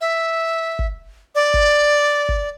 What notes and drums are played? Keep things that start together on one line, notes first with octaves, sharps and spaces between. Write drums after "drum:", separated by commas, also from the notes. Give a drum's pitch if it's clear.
E5
drum: kick G1
D5
drum: kick G1
drum: kick G1